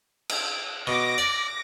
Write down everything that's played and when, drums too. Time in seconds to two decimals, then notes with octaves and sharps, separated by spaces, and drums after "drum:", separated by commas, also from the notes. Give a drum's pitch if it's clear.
0.29 drum: cymbal
0.87 B2 D6 A#6
1.18 D5